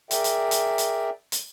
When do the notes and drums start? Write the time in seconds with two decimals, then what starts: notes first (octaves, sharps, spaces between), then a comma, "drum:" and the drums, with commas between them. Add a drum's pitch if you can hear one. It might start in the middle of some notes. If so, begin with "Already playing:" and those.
0.11 G#4 A#4 D5 E5 G5, drum: hi-hat
0.24 drum: hi-hat
0.51 drum: hi-hat
0.78 drum: hi-hat
1.32 drum: hi-hat